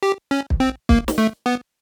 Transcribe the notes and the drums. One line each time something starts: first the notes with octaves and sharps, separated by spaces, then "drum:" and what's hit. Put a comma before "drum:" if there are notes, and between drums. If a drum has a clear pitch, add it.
G4
C#4
drum: kick
C4
A#3, drum: kick
drum: snare
A3
B3